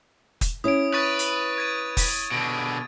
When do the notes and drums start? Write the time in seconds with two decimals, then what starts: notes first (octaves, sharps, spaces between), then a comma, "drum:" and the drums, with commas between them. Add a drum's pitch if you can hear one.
0.41 drum: kick, hi-hat
0.64 C#4 E4 D#6 D7
0.94 B4 C#6 A6 D#7
1.19 drum: hi-hat
1.58 G#6 A6 D#7
1.97 drum: kick, open hi-hat
2.31 B2 D3